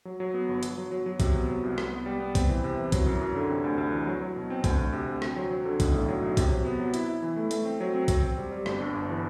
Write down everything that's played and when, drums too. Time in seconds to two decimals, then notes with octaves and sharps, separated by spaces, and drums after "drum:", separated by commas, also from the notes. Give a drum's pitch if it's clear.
0.05 F#3
0.20 F#3
0.34 B3
0.49 G1
0.63 F#3, drum: hi-hat
0.78 F#3
0.91 F#3
1.06 F#3
1.20 C3, drum: kick A#1, hi-hat
1.35 B3
1.49 F#3
1.63 C2
1.78 B3, drum: rim click
1.92 B3
2.06 G3
2.20 B3
2.35 C4, drum: kick A#1, hi-hat
2.49 E3
2.64 C3
2.78 E3
2.92 F#3, drum: kick A#1, hi-hat
3.06 F#2
3.22 F#2
3.35 D3
3.50 C3
3.64 D2
3.78 D2
3.92 E3
4.07 F#3
4.22 F#3
4.36 B2
4.50 C4
4.64 D2, drum: kick A#1, hi-hat
4.78 D2
4.93 C3
5.07 D2
5.22 C4, drum: rim click
5.36 F#3
5.50 F#3
5.65 D3
5.80 B1, drum: kick A#1, hi-hat
5.94 A2
6.08 F#3
6.22 B1
6.37 C3, drum: kick A#1, hi-hat
6.51 F#3
6.65 B3
6.80 F#3
6.94 E4, drum: hi-hat
7.09 E4
7.22 E3
7.36 A3
7.51 A3, drum: hi-hat
7.65 C4
7.80 F#3
7.95 C4
8.08 C4, drum: kick A#1, hi-hat
8.23 C4
8.38 G3
8.52 G3
8.66 G1, drum: rim click
8.81 G2
8.94 G1
9.10 E3